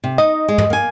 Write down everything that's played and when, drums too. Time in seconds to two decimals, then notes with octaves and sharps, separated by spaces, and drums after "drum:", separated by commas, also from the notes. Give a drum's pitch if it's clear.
0.04 C3
0.18 D#4 D#5
0.48 G#3
0.58 drum: tom
0.70 A#3 G#5